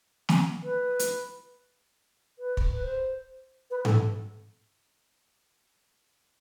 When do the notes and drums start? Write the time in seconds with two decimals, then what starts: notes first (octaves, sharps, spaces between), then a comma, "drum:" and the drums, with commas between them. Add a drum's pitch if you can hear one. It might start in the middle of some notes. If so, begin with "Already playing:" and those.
0.29 drum: snare
0.64 B4
0.99 drum: hi-hat
2.39 B4
2.57 drum: kick
2.72 B4
2.83 C5
3.71 B4
3.85 A4, drum: tom G#2